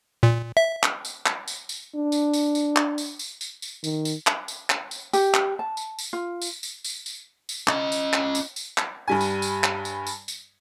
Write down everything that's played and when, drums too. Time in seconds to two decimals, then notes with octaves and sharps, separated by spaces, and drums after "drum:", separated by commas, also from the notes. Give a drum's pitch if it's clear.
0.23 A#2
0.57 E5
0.83 drum: clap
1.05 drum: tambourine
1.26 drum: clap
1.48 drum: tambourine
1.69 drum: tambourine
1.95 D4
2.12 drum: tambourine
2.33 drum: tambourine
2.55 drum: tambourine
2.76 drum: clap
2.98 drum: tambourine
3.19 drum: tambourine
3.41 drum: tambourine
3.62 drum: tambourine
3.84 D#3, drum: tambourine
4.05 drum: tambourine
4.27 drum: clap
4.48 drum: tambourine
4.70 drum: clap
4.91 drum: tambourine
5.13 G4, drum: tambourine
5.34 drum: clap
5.59 A5
5.77 drum: tambourine
5.99 drum: tambourine
6.13 F4
6.42 drum: tambourine
6.63 drum: tambourine
6.84 drum: tambourine
7.06 drum: tambourine
7.49 drum: tambourine
7.68 C#4 D#5, drum: clap
7.92 drum: tambourine
8.13 drum: clap
8.35 drum: tambourine
8.56 drum: tambourine
8.78 drum: clap
9.08 G2 G3 G#5
9.21 drum: tambourine
9.42 drum: tambourine
9.64 drum: clap
9.85 drum: tambourine
10.07 drum: tambourine
10.28 drum: tambourine